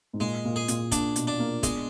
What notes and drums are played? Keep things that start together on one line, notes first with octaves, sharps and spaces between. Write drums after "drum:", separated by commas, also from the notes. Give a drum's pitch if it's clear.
G#2
A#2 G#3
A#2
G#4
A#2, drum: hi-hat
A#2 D4, drum: kick, hi-hat
B2, drum: hi-hat
D4
A#3
G#3 B3, drum: kick, hi-hat